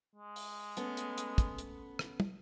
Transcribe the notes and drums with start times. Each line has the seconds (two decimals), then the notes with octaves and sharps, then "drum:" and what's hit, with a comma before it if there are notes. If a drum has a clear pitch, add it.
0.15 G#3
0.36 drum: open hi-hat
0.77 A3 B3 C#4, drum: hi-hat
0.97 drum: hi-hat
1.18 drum: hi-hat
1.38 drum: kick, hi-hat
1.58 drum: hi-hat
1.99 drum: rim click
2.20 drum: tom